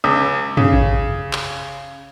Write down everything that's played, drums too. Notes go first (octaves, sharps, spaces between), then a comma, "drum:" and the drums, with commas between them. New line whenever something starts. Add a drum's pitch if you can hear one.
C#2
C#3, drum: tom F#2
drum: kick A1
drum: clap